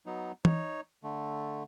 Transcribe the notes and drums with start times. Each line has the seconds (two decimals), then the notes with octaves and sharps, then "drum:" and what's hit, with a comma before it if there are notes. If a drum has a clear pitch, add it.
0.06 F#3 B3 D#4
0.45 D#4 C#5, drum: tom
1.04 D3 A3